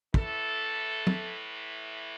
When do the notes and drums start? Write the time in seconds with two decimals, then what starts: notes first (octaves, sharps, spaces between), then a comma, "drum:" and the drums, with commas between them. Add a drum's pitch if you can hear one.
0.14 A2 E3 A4, drum: kick
1.07 drum: tom